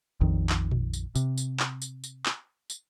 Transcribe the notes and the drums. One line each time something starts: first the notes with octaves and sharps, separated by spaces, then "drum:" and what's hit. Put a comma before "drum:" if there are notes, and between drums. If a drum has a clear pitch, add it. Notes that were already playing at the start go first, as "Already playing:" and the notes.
A#1 F2 D#3
drum: clap
drum: tom A#2
drum: tambourine
C3, drum: tambourine
drum: tambourine
drum: clap
drum: tambourine
drum: tambourine
drum: clap
drum: tambourine